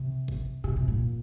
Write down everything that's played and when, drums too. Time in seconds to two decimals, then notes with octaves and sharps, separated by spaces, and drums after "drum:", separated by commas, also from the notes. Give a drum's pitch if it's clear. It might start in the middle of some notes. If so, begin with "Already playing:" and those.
Already playing: C3
0.28 drum: kick G#1
0.64 C3, drum: rim click
0.76 C3
0.88 A#2